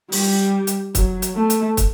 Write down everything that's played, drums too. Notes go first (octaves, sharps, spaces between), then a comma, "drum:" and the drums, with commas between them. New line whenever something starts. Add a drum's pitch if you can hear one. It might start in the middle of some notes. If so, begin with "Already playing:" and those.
G3, drum: open hi-hat
drum: hi-hat
F#3, drum: kick, hi-hat
drum: hi-hat
A3
drum: hi-hat
drum: kick, hi-hat